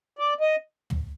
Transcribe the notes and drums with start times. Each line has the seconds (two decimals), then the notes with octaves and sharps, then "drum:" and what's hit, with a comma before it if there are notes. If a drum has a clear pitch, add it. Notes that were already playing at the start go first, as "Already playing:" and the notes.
0.19 D5
0.41 D#5
0.90 drum: tom